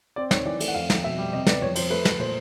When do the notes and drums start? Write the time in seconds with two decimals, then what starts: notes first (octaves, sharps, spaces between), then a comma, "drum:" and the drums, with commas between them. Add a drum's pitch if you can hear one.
0.16 C4 D5
0.31 D#3 C#5, drum: snare
0.45 E3 D5
0.60 A3, drum: cymbal
0.68 F#5
0.75 F2 F5
0.90 F2, drum: snare
1.04 B2 E5
1.18 G3
1.33 C3 D#5
1.46 B3 D5, drum: snare
1.61 F2 C#5
1.76 F3 C5, drum: cymbal
1.90 A3 B4
2.05 A3, drum: snare
2.20 A#2 C5